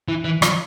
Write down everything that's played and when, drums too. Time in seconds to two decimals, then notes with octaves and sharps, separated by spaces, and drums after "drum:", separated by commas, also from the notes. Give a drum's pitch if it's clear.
0.09 E3
0.25 E3
0.42 F3, drum: rim click